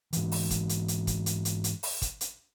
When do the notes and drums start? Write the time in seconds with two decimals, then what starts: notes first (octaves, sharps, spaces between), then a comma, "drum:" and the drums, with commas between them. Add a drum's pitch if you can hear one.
0.13 G#2 E3, drum: hi-hat
0.32 drum: open hi-hat
0.50 drum: kick, hi-hat
0.69 drum: hi-hat
0.88 drum: hi-hat
1.07 drum: kick, hi-hat
1.26 drum: hi-hat
1.45 drum: hi-hat
1.64 drum: hi-hat
1.83 drum: open hi-hat
2.02 drum: kick, hi-hat
2.21 drum: hi-hat